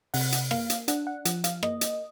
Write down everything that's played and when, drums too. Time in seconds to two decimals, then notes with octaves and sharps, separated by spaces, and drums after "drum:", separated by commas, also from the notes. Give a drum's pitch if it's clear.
0.14 C3 F#5, drum: open hi-hat
0.32 drum: hi-hat
0.51 A#3 F5, drum: rim click
0.70 drum: hi-hat
0.88 D4 F#5, drum: hi-hat
1.07 F#5
1.25 F3 F#5, drum: hi-hat
1.44 F5, drum: hi-hat
1.63 A#3 D#5, drum: rim click
1.81 drum: hi-hat